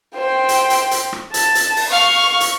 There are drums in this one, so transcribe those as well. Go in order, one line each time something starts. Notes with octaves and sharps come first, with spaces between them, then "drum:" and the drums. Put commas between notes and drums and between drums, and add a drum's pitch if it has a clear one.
C5 G5
drum: hi-hat
drum: hi-hat
drum: hi-hat
drum: rim click
A5, drum: hi-hat
drum: hi-hat
drum: open hi-hat
F5 C#6
drum: hi-hat